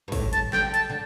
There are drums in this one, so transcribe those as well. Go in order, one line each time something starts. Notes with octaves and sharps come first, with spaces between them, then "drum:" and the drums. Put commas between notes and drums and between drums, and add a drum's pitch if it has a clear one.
G2
A2, drum: kick, open hi-hat
A5, drum: hi-hat
D3 G5, drum: snare
A5, drum: hi-hat
D3